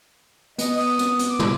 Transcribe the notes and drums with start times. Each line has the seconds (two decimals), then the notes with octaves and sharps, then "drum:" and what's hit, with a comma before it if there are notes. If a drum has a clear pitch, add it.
0.58 B3 D#5, drum: hi-hat
0.77 D#6, drum: open hi-hat
0.99 drum: hi-hat
1.19 drum: hi-hat
1.29 D6
1.39 drum: tom